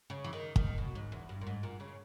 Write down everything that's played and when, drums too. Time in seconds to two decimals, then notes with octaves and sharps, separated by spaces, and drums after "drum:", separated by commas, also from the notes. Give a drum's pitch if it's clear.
0.10 C#3
0.24 E3
0.33 D#3
0.56 D#3, drum: kick
0.78 B2
0.95 G#2
1.12 E2
1.29 G2
1.41 A#2
1.47 G#2
1.63 A#2
1.80 C#3